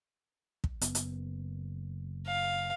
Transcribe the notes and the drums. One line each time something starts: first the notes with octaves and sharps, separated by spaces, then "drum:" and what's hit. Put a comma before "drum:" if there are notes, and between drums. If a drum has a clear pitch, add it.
drum: kick
F#1 B3, drum: hi-hat
drum: hi-hat
F5